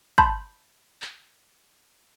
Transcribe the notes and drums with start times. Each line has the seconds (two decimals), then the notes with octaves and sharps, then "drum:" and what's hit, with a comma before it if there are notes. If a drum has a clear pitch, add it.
0.18 A5 B5 C6 G6, drum: kick
1.02 drum: clap